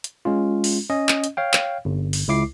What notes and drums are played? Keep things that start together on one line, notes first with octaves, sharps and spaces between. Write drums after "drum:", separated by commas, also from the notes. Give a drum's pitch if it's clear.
drum: hi-hat
G#3 C#4 F4
drum: open hi-hat
C#4 D#5
drum: clap
drum: hi-hat
C#5 F5 G5
drum: clap
G1
drum: open hi-hat
C#2 E4 D6 C7